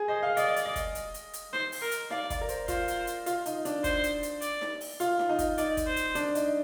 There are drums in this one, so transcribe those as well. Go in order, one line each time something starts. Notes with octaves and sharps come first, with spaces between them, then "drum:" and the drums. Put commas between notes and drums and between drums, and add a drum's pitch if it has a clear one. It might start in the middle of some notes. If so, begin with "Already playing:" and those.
Already playing: G#4
C5 D#5
F5
D5 D#5, drum: hi-hat
drum: hi-hat
D#5
drum: kick, hi-hat
drum: hi-hat
drum: hi-hat
drum: hi-hat
C5, drum: snare D#4
drum: open hi-hat
A#4
drum: hi-hat
D5 F5, drum: snare D#4
D5, drum: kick, hi-hat
A#4
C5, drum: hi-hat
F4 C5, drum: kick, hi-hat
drum: hi-hat
drum: hi-hat
F4, drum: hi-hat
D#4, drum: hi-hat
D4, drum: hi-hat
C5, drum: kick, hi-hat
drum: hi-hat
drum: hi-hat
D5, drum: hi-hat
drum: snare D#4
drum: open hi-hat
F4, drum: hi-hat
drum: snare D#4
D#4
drum: kick, hi-hat
D#4 D5, drum: hi-hat
drum: kick, hi-hat
C5
drum: hi-hat
D4, drum: hi-hat
D#4, drum: hi-hat